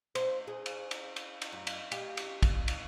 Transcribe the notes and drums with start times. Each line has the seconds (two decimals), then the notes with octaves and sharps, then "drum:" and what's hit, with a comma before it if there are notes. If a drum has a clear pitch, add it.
0.15 C5, drum: cymbal
0.47 G#4
0.66 drum: cymbal
0.91 drum: cymbal
1.16 drum: cymbal
1.42 drum: cymbal
1.52 F#2
1.67 drum: cymbal
1.92 G4, drum: cymbal
2.17 drum: cymbal
2.43 drum: kick, cymbal
2.68 drum: cymbal